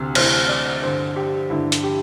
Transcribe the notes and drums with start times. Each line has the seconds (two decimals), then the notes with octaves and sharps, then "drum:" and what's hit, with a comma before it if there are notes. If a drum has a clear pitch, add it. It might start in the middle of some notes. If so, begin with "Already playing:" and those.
Already playing: D2 C3
0.15 D2 C3 E3 C5, drum: cymbal
0.49 D5
0.83 G2 D3 C5
1.16 G4
1.50 G2 D3 E4
1.72 drum: hi-hat
1.83 G4